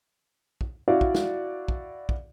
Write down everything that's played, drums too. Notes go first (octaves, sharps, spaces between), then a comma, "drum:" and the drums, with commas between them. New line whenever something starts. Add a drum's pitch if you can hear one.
drum: kick
E4 F#4 D5 F5
drum: kick
drum: snare
drum: kick
drum: kick